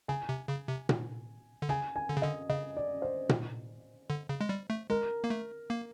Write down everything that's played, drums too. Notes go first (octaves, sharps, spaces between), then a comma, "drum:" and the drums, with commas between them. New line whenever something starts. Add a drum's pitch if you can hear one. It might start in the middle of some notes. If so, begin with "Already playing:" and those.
C#3 G#5
C3
C#3
C3
drum: tom A#2
D3
C#3 G#5
G#5
D3
C#3
D3 D#5
C#3 D#5
D5
C5
drum: tom A#2
D3
C#3
G#3
G3
A3
G#3 A#4
A#3
A3
A#3